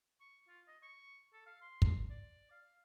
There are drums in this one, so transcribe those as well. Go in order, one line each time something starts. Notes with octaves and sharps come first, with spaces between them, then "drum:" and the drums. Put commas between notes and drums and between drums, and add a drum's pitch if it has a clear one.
C#6
F4
D#5
C#6
A4
F5
C6
drum: kick
D5
F5